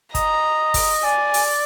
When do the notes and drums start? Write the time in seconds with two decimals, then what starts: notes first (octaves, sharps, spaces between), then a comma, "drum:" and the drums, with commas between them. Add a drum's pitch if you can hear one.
0.15 D#5 A#5, drum: kick, hi-hat
0.74 drum: kick, open hi-hat
1.04 D5 G#5
1.34 drum: open hi-hat